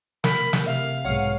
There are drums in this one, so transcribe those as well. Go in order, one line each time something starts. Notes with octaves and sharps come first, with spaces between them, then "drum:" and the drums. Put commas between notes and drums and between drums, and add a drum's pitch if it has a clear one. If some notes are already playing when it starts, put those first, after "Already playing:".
A#4 B5, drum: snare
drum: snare
C3 E5 F5
B1 G#2 C#5 F#5 F6 D#7